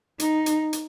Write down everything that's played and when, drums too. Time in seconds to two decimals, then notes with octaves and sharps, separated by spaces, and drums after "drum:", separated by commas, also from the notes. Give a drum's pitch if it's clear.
0.20 D#4, drum: hi-hat
0.46 drum: hi-hat
0.73 drum: hi-hat